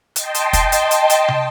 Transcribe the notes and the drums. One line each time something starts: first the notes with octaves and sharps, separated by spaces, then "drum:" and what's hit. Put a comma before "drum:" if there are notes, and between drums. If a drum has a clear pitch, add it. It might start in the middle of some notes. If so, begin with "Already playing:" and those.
D#5 G5 A5 C6, drum: hi-hat
drum: hi-hat
drum: kick, hi-hat
drum: hi-hat
drum: hi-hat
drum: hi-hat
drum: tom